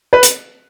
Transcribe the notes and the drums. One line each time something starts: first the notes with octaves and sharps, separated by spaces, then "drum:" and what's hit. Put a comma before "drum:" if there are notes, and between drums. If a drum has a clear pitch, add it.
B4
drum: hi-hat